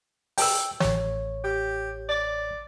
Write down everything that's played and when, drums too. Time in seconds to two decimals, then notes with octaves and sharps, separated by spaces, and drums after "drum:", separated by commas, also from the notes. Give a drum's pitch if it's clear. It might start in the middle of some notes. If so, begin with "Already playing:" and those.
0.38 G5 E6, drum: open hi-hat
0.80 A1 C#5, drum: snare
1.44 G4
2.09 D5